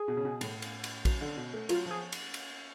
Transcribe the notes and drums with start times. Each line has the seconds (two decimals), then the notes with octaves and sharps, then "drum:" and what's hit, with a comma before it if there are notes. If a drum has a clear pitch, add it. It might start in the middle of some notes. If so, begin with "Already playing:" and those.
Already playing: G#4
0.08 B2
0.17 C#3
0.25 B2
0.41 A2, drum: cymbal
0.62 drum: cymbal
0.84 drum: cymbal
1.05 F#3, drum: kick A#1, cymbal
1.21 D3
1.37 B2
1.53 A3
1.69 F#3 F4, drum: cymbal
1.86 F3 G#4
2.12 drum: cymbal
2.34 drum: cymbal